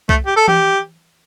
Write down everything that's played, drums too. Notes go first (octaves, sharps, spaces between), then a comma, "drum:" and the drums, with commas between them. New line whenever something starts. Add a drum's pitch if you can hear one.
A3, drum: kick C2
G4
A4
G4, drum: tom E3